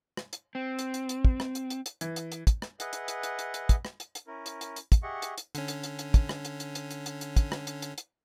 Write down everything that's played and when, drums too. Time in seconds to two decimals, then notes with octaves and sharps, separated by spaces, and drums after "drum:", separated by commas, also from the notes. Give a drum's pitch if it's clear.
0.17 drum: rim click
0.33 drum: hi-hat
0.55 C4
0.79 drum: hi-hat
0.94 drum: hi-hat
1.09 drum: hi-hat
1.25 drum: kick
1.40 drum: rim click
1.55 drum: hi-hat
1.70 drum: hi-hat
1.86 drum: hi-hat
2.01 E3, drum: hi-hat
2.16 drum: hi-hat
2.32 drum: hi-hat
2.47 drum: kick, hi-hat
2.62 drum: rim click
2.80 G#4 B4 D#5 E5 F#5, drum: hi-hat
2.93 drum: hi-hat
3.08 drum: hi-hat
3.23 drum: hi-hat
3.39 drum: hi-hat
3.54 drum: hi-hat
3.69 drum: kick, hi-hat
3.85 drum: rim click
4.00 drum: hi-hat
4.15 drum: hi-hat
4.27 C#4 E4 A#4
4.46 drum: hi-hat
4.61 drum: hi-hat
4.76 drum: hi-hat
4.92 drum: kick, hi-hat
5.03 G4 G#4 D#5 E5 F#5 C#6
5.22 drum: hi-hat
5.38 drum: hi-hat
5.55 D3 C#4, drum: hi-hat
5.68 drum: hi-hat
5.83 drum: hi-hat
5.99 drum: hi-hat
6.14 drum: kick, hi-hat
6.29 drum: rim click
6.45 drum: hi-hat
6.60 drum: hi-hat
6.75 drum: hi-hat
6.91 drum: hi-hat
7.06 drum: hi-hat
7.21 drum: hi-hat
7.36 drum: kick, hi-hat
7.52 drum: rim click
7.67 drum: hi-hat
7.82 drum: hi-hat
7.98 drum: hi-hat